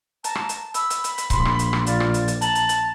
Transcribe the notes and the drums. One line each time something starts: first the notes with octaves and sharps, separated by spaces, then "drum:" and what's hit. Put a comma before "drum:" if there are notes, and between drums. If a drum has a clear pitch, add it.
A5 A#5, drum: hi-hat
drum: rim click
drum: hi-hat
B5 E6, drum: hi-hat
drum: hi-hat
drum: hi-hat
drum: hi-hat
A#1 C6, drum: kick C#1, hi-hat
drum: rim click
drum: hi-hat
drum: rim click
F4 D5, drum: hi-hat
drum: rim click
drum: hi-hat
drum: hi-hat
A5 A#5 F#7, drum: hi-hat
drum: hi-hat
drum: hi-hat